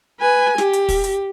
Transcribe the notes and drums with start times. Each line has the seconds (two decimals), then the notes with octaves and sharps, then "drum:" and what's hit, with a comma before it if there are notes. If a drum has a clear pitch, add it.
0.20 B4 G#5
0.58 G4, drum: snare
0.73 drum: hi-hat
0.89 drum: kick, open hi-hat
1.04 drum: hi-hat